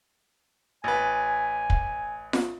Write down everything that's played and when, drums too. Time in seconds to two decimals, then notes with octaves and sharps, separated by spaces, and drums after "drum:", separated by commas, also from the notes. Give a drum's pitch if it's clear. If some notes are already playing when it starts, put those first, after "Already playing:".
0.84 A1 B4 G#5
1.70 drum: kick
2.33 drum: snare F4